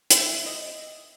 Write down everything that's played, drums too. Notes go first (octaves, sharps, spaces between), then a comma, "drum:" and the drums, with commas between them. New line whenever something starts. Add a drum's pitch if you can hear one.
G5, drum: hi-hat
E5
D#5